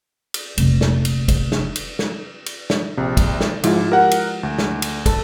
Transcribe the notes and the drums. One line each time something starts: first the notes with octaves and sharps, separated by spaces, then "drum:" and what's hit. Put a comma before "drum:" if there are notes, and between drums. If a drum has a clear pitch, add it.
drum: cymbal
F1 A#1, drum: cymbal
drum: snare
drum: cymbal
drum: kick, cymbal
drum: snare
drum: cymbal
drum: snare
drum: cymbal
drum: snare
A#1 C3
drum: kick, cymbal
drum: snare
G#2 F3 G#3 E4, drum: cymbal
G4 A#4 F#5
drum: cymbal
D2
drum: snare
drum: cymbal
A4, drum: kick, cymbal